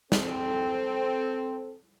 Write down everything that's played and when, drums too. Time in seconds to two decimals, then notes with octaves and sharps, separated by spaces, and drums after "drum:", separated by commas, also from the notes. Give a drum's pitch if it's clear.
0.12 C4 A4, drum: snare